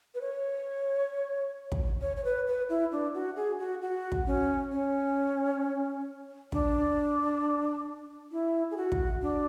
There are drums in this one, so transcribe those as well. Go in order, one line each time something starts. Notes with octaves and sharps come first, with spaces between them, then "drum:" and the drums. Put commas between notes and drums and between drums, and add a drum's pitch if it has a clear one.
B4
C#5
drum: kick
C#5
C#5
B4
B4
E4
D4
F#4
G#4
F#4
F#4
drum: kick
C#4
C#4
D4, drum: kick
E4
G#4
F#4
drum: kick
D4